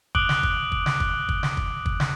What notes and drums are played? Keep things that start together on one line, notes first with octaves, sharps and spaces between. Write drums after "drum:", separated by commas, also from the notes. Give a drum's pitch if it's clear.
D6 D#6 F#6 D7 F#7 G7, drum: kick
drum: snare
drum: kick
drum: kick
drum: snare
drum: kick
drum: kick
drum: snare
drum: kick
drum: kick
drum: snare